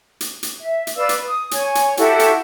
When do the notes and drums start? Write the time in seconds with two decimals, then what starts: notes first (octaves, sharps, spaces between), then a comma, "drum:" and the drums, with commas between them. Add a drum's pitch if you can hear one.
0.21 drum: hi-hat
0.43 drum: hi-hat
0.61 E5
0.87 drum: hi-hat
0.96 B4 D5 F5 E6
1.09 drum: hi-hat
1.27 D#6
1.51 C#5 G#5, drum: hi-hat
1.75 drum: hi-hat
1.97 E4 F#4 G4 A4, drum: hi-hat
2.19 drum: hi-hat